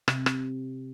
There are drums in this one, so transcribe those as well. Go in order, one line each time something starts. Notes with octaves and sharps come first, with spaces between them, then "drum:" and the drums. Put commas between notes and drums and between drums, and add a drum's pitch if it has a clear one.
C3, drum: rim click
drum: rim click